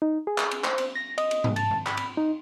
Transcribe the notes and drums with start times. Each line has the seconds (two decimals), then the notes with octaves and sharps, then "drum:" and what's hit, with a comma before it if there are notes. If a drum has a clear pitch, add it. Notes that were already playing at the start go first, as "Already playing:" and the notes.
0.02 D#4
0.27 G#4
0.38 drum: clap
0.51 drum: cymbal
0.64 C5, drum: clap
0.78 drum: cymbal
0.95 A#6
1.18 D#5, drum: cymbal
1.31 drum: cymbal
1.44 drum: tom
1.56 A5, drum: cymbal
1.71 drum: tom G2
1.86 B5, drum: clap
1.97 drum: cymbal
2.17 D#4